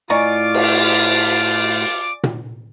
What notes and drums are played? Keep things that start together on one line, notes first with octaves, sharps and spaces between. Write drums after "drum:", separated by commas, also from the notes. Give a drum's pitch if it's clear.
A2 F4 D5 D#5 G#5 A#5 C#6 D6
drum: cymbal
drum: tom A#2